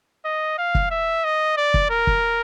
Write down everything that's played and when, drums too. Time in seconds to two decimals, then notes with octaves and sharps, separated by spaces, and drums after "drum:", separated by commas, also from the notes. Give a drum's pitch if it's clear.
0.25 D#5
0.58 F5
0.75 drum: kick
0.91 E5
1.24 D#5
1.57 D5
1.74 drum: kick
1.90 A#4
2.07 drum: kick